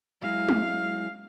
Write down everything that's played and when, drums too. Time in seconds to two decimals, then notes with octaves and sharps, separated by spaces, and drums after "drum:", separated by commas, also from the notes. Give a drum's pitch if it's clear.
0.23 F#3 G#3 E4 F5
0.49 drum: tom G#3